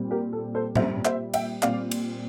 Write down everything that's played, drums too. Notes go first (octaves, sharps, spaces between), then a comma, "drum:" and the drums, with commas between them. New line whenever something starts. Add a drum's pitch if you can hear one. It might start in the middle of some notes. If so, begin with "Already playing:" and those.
Already playing: A#2 G3 C4
G4 A#4
A4
A4 C5
A#2 G3 C4 C5 E5, drum: tom A2
C5 E5, drum: clap
E5 G5, drum: cymbal
A#2 G3 C4 D5 F5, drum: clap
drum: cymbal